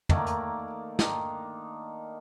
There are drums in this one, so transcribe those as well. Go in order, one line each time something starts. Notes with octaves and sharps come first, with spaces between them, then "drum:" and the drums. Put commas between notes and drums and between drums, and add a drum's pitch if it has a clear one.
D#3 A3 A#3 D5, drum: tom
drum: hi-hat
D#3 D4, drum: snare